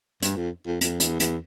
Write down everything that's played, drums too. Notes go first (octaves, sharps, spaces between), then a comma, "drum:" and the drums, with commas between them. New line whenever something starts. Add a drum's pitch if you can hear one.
G2, drum: hi-hat
F2
F2
F2, drum: hi-hat
E2, drum: hi-hat
E2, drum: hi-hat